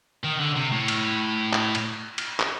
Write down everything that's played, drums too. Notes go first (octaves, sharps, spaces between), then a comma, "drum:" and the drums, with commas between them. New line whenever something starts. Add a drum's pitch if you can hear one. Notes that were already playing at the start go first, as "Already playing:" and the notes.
D#3
D3
C3
A2
drum: cymbal
drum: clap
drum: cymbal
drum: cymbal
drum: clap